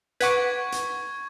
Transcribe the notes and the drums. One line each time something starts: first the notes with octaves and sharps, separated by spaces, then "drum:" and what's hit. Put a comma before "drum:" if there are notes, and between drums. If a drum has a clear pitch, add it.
B4 F#5 C#6 D6 G#6, drum: hi-hat
drum: hi-hat